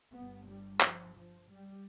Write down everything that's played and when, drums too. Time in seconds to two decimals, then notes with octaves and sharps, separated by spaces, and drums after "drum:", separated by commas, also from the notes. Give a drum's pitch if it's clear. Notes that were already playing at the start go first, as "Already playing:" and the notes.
0.13 G1 G2 B3
0.46 G3
0.81 F3, drum: clap
1.14 F3
1.49 G3